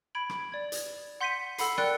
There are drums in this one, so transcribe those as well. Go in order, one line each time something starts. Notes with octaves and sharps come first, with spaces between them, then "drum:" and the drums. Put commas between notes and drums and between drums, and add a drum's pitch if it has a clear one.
B5 G#6 D7 F#7
drum: rim click
D5 G#6
drum: hi-hat
F#5 C6 G6 B6 C#7 D#7
A4 F#5 B5 C7, drum: hi-hat
A#4 D5 G5 F#6 C#7, drum: rim click